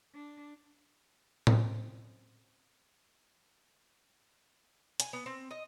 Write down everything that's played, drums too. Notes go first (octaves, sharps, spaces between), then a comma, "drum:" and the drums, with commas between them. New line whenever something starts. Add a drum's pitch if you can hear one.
D4
C4 C#4 D#5, drum: tom A2
G#5, drum: hi-hat
B3
C4
D#5